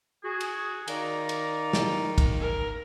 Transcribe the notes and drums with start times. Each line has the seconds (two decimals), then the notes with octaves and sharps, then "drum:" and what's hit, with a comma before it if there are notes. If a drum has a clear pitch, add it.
0.23 F#4 G#4
0.41 drum: cymbal
0.88 D#3 D5 F5 A#5, drum: cymbal
1.29 drum: cymbal
1.73 drum: snare
2.18 drum: kick, cymbal
2.40 A#4